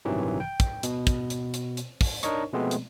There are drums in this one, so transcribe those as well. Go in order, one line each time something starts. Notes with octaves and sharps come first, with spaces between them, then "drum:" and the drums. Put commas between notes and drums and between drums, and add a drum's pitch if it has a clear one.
A1 G2 C3 D#3 E3 F#3
G5
drum: kick, hi-hat
B2, drum: hi-hat
drum: kick, hi-hat
drum: hi-hat
drum: hi-hat
drum: hi-hat
drum: kick, open hi-hat
D4 D#4 A#4 C#5 D#5 C#6, drum: hi-hat
B2 F3 G#3 A3 B3 C4
drum: hi-hat